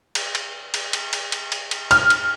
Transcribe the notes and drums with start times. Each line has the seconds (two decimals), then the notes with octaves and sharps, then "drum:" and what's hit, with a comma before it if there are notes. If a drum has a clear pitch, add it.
0.15 drum: cymbal
0.35 drum: cymbal
0.74 drum: cymbal
0.93 drum: cymbal
1.13 drum: cymbal
1.32 drum: cymbal
1.52 drum: cymbal
1.71 drum: cymbal
1.91 F6, drum: cymbal
2.10 drum: cymbal